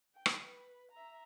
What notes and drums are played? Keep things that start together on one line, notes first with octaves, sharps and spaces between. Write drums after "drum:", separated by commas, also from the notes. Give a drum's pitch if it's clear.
G5
drum: rim click
B4
E5 A#5